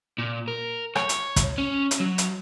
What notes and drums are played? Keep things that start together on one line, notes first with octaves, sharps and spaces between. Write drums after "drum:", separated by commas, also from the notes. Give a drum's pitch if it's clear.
A#2
A#4
C#5, drum: rim click
drum: hi-hat
drum: kick, hi-hat
C#4
drum: hi-hat
F#3
drum: hi-hat